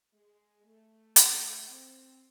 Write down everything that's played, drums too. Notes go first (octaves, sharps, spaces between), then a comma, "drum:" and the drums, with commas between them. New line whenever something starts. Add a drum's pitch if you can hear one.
G#3
A3
drum: hi-hat
C4